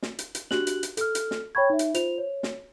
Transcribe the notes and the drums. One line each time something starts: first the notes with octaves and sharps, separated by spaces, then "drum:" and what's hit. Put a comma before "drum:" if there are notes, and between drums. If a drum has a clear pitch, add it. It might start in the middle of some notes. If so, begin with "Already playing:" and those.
drum: snare
drum: hi-hat
drum: hi-hat
D4 F#4 G4 F#6 F#7, drum: snare
drum: hi-hat
drum: hi-hat
A4 F6, drum: hi-hat
drum: hi-hat
drum: snare
C#5 G5 B5 C#6 G#6
D#4 E5
drum: hi-hat
F4 C5 F7, drum: hi-hat
C#5
drum: snare